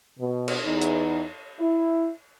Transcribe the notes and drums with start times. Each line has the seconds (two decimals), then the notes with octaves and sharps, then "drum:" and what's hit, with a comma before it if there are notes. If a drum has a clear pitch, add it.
0.20 B2
0.48 drum: cymbal
0.65 E2 D#4
0.82 drum: hi-hat
1.59 E4